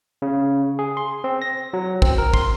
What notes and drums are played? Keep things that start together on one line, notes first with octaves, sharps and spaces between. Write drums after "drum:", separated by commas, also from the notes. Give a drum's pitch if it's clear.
C#3
G#4
C6
C4
A#6
F#3
C4, drum: kick
A#4
C6, drum: kick